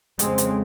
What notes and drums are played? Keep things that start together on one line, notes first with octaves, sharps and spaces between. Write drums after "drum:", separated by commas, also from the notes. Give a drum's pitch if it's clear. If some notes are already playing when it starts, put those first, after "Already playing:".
F2 C#3 G#3 C4, drum: hi-hat
drum: hi-hat